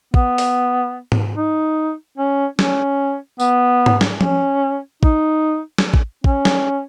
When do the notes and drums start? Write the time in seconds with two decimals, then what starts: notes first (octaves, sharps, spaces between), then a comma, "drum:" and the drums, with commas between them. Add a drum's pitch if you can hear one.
0.14 B3, drum: kick
0.38 drum: open hi-hat
1.12 drum: tom G#2
1.36 D#4
2.18 C#4
2.59 C#4, drum: snare
3.40 B3, drum: tambourine
3.86 drum: tom G#2
4.01 drum: snare
4.21 C#4, drum: tom F3
5.03 D#4, drum: kick
5.78 drum: snare
5.94 drum: kick
6.24 C#4, drum: kick
6.45 drum: snare